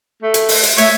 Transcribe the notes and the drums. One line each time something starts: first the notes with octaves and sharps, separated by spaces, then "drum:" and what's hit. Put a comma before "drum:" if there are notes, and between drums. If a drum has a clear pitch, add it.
A3
drum: hi-hat
drum: open hi-hat
drum: hi-hat
A3 C#5 E5, drum: hi-hat